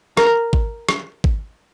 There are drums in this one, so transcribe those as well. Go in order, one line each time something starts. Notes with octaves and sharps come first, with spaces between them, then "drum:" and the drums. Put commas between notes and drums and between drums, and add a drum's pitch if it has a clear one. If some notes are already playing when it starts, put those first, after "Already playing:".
A#4, drum: rim click
drum: kick G#1
drum: rim click
drum: kick G#1